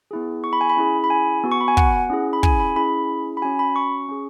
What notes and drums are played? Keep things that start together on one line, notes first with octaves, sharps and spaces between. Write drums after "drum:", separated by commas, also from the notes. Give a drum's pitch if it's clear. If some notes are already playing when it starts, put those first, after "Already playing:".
B3 E4 G#4
C#6
B5
G#5
B5
C#4 E4 G#4
B5
G#5
B3 F#4
C#6
B5
G#5
F#5, drum: kick
C#4 E4 G#4
B5
G#5, drum: kick
B5
C#4 E4 G#4 B5
B5
C#4 F#4 G#5
B5
C#6
C#4 G#4